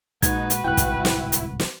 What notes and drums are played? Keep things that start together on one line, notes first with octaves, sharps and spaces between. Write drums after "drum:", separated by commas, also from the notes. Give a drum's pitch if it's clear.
A#2 G#3 D#4 F#4 B4 G#6, drum: kick, hi-hat
drum: hi-hat
D1 C2 G#2 E4 G5 F#6
drum: kick, hi-hat
drum: snare
drum: hi-hat
drum: snare